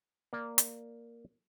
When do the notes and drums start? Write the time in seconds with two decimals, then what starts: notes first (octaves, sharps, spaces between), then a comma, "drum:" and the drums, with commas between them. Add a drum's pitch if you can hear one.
0.33 A#3 D5
0.58 drum: hi-hat